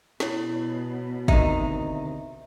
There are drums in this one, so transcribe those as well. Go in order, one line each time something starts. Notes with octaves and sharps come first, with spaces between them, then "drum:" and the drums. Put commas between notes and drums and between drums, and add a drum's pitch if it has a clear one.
B2 E4 C#5, drum: snare
D2 C3 D#3 D#4 E5, drum: kick